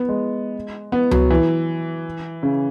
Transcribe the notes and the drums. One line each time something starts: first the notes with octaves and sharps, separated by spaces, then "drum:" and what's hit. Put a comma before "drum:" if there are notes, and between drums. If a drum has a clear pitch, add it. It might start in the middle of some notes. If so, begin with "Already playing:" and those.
Already playing: B3
G#3
B3
F#3, drum: tom C#2
E3
C#3